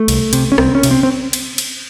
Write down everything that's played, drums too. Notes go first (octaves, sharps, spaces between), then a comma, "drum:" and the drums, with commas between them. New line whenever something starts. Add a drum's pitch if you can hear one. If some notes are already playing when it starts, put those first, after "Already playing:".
Already playing: A3
C2, drum: cymbal
C3, drum: cymbal
C#4
C2 C4, drum: rim click
C#4
C3, drum: cymbal
C4
C4
drum: cymbal
drum: cymbal